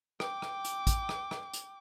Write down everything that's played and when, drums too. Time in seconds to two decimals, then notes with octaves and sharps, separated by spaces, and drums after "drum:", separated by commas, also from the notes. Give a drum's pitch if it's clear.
0.20 G5 D6, drum: rim click
0.42 drum: rim click
0.65 drum: hi-hat
0.87 drum: kick, hi-hat
1.09 drum: rim click
1.31 drum: rim click
1.53 drum: hi-hat